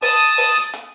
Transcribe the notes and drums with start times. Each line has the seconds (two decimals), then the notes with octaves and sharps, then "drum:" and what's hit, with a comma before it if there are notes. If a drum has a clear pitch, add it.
0.02 A5 D#6, drum: open hi-hat
0.38 drum: open hi-hat
0.73 drum: hi-hat